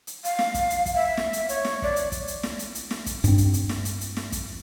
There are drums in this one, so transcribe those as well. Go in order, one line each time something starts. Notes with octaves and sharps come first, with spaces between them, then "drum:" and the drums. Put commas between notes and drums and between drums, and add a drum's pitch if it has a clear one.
drum: hi-hat
F5, drum: hi-hat
drum: snare
drum: kick, hi-hat
drum: hi-hat
drum: kick, hi-hat
E5
drum: snare
drum: hi-hat
C#5, drum: hi-hat
drum: snare
D5, drum: kick
drum: hi-hat
drum: kick, hi-hat
drum: hi-hat
drum: snare
drum: hi-hat
drum: hi-hat
drum: snare
drum: kick, hi-hat
G2 C4, drum: hi-hat
drum: kick, hi-hat
drum: hi-hat
drum: snare
drum: hi-hat
drum: hi-hat
drum: snare
drum: kick, hi-hat